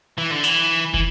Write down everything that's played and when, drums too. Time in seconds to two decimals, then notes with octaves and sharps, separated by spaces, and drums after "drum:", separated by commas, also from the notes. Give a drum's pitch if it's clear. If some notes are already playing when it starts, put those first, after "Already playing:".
0.18 E3
0.31 D3
0.44 E3, drum: hi-hat
0.94 E3, drum: kick